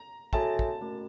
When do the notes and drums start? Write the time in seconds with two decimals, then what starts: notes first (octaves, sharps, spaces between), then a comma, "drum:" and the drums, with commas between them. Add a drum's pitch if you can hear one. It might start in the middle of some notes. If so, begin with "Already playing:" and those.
Already playing: A#5
0.33 F#4 A4 C#5 E5 G#5 A5, drum: kick
0.59 drum: kick
0.81 A3 C#4 F#4 A#4